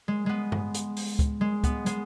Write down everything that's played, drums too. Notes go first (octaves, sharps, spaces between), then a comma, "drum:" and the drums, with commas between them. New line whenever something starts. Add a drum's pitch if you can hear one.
G#3
G#3 B3
drum: tom G2
drum: hi-hat
drum: open hi-hat
drum: kick C#2, hi-hat
G#3
B3, drum: kick C#2, hi-hat
G#3, drum: hi-hat